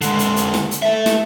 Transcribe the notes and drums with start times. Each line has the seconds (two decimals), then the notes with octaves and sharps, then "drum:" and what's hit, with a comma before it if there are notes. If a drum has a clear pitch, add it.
0.01 D3 G#3, drum: hi-hat
0.19 drum: hi-hat
0.36 drum: hi-hat
0.54 drum: snare
0.71 drum: hi-hat
0.82 A4 E5
1.06 drum: snare